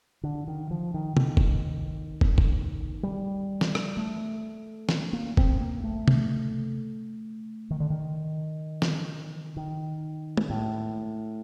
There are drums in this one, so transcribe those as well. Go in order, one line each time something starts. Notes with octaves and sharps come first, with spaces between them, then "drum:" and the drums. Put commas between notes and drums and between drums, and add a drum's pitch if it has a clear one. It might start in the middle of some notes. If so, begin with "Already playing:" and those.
D3
D#3
F3
D#3
D#3, drum: tom
drum: kick
drum: kick
drum: kick
G3
drum: snare
drum: rim click
A3
drum: snare
A#3
C4, drum: kick
A#3
A3
drum: tom C3
D#3
D3
D#3
drum: snare
D#3
drum: tom
A2